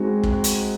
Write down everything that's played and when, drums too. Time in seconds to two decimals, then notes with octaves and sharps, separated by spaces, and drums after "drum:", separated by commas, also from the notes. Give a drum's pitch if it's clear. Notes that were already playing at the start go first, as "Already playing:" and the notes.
Already playing: G#3 C4 D#4 F#4
0.23 drum: kick
0.44 drum: hi-hat